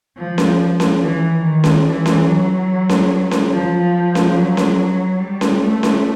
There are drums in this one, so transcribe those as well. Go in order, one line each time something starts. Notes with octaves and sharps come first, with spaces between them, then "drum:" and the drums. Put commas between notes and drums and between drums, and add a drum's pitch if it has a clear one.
F3
drum: snare C#4
drum: snare C#4
E3
D#3
drum: snare C#4
E3
drum: snare C#4
F#3
drum: snare C#4
drum: snare C#4
F3
drum: snare C#4
F#3
drum: snare C#4
G3
drum: snare C#4
A3
drum: snare C#4